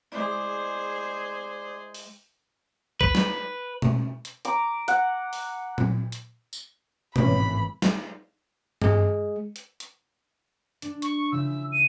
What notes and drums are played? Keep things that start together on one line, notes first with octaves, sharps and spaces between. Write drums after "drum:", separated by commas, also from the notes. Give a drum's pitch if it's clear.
G#3 E4 G#4 C5 D5 D6
drum: open hi-hat
B4, drum: kick
drum: snare
drum: tom B2
drum: hi-hat
A#5 D6, drum: hi-hat
F#5, drum: hi-hat
drum: open hi-hat
drum: tom A#2
drum: hi-hat
drum: tambourine
G#1 A2 E3 B3 C#4 B5, drum: tom B2
drum: snare
G#3 G#4, drum: tom G2
drum: hi-hat
drum: hi-hat
D4, drum: hi-hat
C#6, drum: hi-hat
C#3 F3 E4 E6
D#7